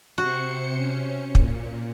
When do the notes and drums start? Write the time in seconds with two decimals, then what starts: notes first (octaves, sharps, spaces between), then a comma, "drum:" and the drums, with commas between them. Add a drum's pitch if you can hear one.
0.18 C3 F#4 C5 C#7
0.76 C#4
1.35 A#2, drum: kick